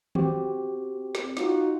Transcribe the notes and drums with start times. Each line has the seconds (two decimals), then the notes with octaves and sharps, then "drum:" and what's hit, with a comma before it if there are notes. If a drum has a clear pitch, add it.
0.15 C4 F#4 G4, drum: tom D#3
1.15 drum: snare
1.37 D#4 F4 F#4, drum: snare